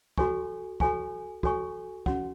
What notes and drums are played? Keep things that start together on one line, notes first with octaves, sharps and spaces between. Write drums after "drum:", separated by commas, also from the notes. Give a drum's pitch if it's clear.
F#4 A4 C#5 G#5 C#6, drum: kick
F#4 A4 C#5 G#5 C#6, drum: kick
F#4 A4 C#5 G#5 C#6, drum: kick
C#4 F#4 C#5 F#5, drum: kick